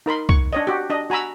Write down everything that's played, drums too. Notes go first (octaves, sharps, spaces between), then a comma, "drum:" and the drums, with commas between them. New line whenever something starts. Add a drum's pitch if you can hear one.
D#4 A#4 B5 C6
C#6, drum: kick
D4 C#5 D#5
F#4 G4
D4 D#5
F#4 G#5 A#5 B5 E6